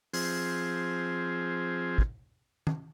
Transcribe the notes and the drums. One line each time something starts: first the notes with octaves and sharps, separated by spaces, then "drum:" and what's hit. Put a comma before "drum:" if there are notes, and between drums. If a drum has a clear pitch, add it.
F3 C4 G#4, drum: open hi-hat
drum: kick
drum: tom D#3